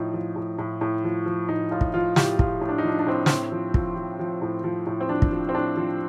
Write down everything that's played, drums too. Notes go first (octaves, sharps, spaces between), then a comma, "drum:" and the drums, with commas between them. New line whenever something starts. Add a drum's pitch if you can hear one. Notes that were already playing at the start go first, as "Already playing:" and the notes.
Already playing: A2 F3 D#4
F3
A2
A2
A2
F3
F3
A2 D#4
A2 F4
drum: kick
F3 F4
A2 G4, drum: snare
A2 F4, drum: kick
A2
D4
D#4
F3 D4
D4
A2 C4
A2 C4, drum: snare
F3
F3, drum: kick
F3
F3
A2
F3
A2
C4
F3 D4
drum: kick
F3
C4
A2 D4
F3